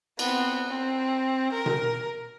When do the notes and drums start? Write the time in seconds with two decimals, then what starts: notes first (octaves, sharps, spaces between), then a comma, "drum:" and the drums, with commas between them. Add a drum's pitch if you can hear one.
0.19 B3 C4, drum: cymbal
0.69 C4
1.52 A#4
1.66 drum: tom B2